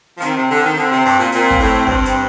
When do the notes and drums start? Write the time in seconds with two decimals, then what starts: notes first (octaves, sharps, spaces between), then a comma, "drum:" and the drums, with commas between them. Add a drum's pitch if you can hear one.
0.17 F3
0.21 D#3 C4, drum: hi-hat
0.36 C3
0.50 D3
0.63 D#3
0.77 D3 C4
0.91 C3
1.04 G2
1.18 A#2
1.32 A#2 C4, drum: hi-hat
1.50 drum: kick
1.60 A2
1.87 G2, drum: kick
2.06 drum: hi-hat